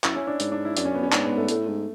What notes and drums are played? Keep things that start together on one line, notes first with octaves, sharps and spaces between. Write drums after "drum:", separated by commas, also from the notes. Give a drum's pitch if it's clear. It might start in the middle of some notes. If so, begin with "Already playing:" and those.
F#2 E4, drum: clap
C#4
D4
G#2, drum: hi-hat
D4
E4
F#2 D4, drum: hi-hat
C#4
B3
C#4
G#2 D4, drum: clap
B3
A3
A2 A3, drum: hi-hat
G#2